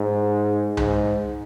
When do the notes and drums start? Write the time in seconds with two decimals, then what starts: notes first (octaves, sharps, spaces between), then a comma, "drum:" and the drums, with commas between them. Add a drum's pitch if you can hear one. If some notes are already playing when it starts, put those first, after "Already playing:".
Already playing: G#2
0.77 G#2, drum: tom C2